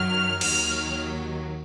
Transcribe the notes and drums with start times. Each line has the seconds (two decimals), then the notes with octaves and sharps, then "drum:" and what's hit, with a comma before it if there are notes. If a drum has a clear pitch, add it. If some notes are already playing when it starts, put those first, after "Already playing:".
Already playing: F#2 D#3 F#3 F6
0.41 D#2 D#3 F#3 F6, drum: cymbal